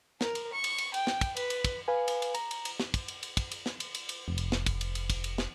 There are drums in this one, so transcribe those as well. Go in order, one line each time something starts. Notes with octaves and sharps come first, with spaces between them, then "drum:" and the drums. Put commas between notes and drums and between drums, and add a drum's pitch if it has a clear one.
A#4, drum: snare
drum: cymbal
C#6
drum: cymbal
drum: cymbal
G5, drum: cymbal
drum: snare
drum: kick, cymbal
B4, drum: cymbal
drum: cymbal
drum: kick, cymbal
B4 F5 G#5
drum: cymbal
drum: cymbal
A#5, drum: cymbal
drum: cymbal
drum: cymbal
drum: snare
drum: kick, cymbal
drum: cymbal
drum: cymbal
drum: kick, cymbal
drum: cymbal
drum: snare
drum: cymbal
drum: cymbal
drum: cymbal
F1
drum: cymbal
drum: snare
drum: kick, cymbal
drum: cymbal
drum: cymbal
drum: kick, cymbal
drum: cymbal
drum: snare